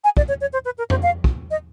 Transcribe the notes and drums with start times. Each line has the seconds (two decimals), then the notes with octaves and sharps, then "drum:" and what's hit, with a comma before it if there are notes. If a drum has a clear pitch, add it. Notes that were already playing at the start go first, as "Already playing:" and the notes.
0.04 G#5
0.17 D5, drum: kick
0.28 C#5
0.41 C#5
0.53 C5
0.65 B4
0.78 A#4
0.90 C5, drum: tom F2
1.03 F5
1.24 drum: kick
1.51 D#5